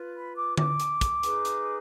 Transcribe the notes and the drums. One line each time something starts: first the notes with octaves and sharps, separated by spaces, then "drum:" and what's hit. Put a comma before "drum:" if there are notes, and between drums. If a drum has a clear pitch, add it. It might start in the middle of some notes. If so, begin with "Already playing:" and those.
Already playing: F4 B4
B5
D6
D6, drum: tom D3
drum: hi-hat
drum: kick, hi-hat
D#4 G#4 B4, drum: hi-hat
drum: hi-hat